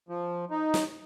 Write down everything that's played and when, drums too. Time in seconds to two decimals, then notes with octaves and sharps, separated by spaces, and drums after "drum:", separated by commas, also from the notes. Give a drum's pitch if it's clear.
0.09 F3
0.50 D#4
0.74 drum: snare